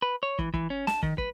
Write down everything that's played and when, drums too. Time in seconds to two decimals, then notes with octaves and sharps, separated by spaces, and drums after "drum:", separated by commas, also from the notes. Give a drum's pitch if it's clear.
0.02 B4
0.23 C#5
0.39 E3, drum: kick
0.54 E3, drum: kick
0.70 C#4
0.87 A5, drum: snare
1.03 D#3, drum: kick
1.18 B4, drum: kick